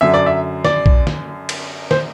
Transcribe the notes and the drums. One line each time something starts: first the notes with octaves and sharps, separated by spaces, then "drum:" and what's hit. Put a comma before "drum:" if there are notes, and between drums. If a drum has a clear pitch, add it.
F#2 D3 F#3 E5
D5
E5
D5, drum: snare
drum: kick A#1
drum: snare
drum: cymbal
C5, drum: snare